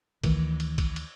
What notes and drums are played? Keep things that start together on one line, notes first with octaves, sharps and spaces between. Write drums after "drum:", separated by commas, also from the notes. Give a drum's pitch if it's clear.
D2 D#3 E3, drum: kick, cymbal
drum: cymbal
drum: kick, cymbal
drum: cymbal